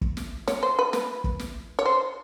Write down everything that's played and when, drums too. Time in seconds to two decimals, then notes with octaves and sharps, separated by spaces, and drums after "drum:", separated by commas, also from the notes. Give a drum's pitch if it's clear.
0.01 drum: kick
0.17 drum: snare
0.48 C#5, drum: snare
0.63 C5
0.79 B4
0.93 B4, drum: snare
1.24 drum: kick
1.39 drum: snare
1.79 C#5
1.86 C5